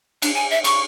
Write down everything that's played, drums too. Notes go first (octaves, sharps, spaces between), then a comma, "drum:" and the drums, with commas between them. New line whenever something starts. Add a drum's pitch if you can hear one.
D4, drum: cymbal
G#5
E5
C#6, drum: cymbal